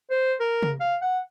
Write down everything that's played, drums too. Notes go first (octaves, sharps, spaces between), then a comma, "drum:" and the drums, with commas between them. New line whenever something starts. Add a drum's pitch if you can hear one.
C5
A#4
drum: tom C3
F5
F#5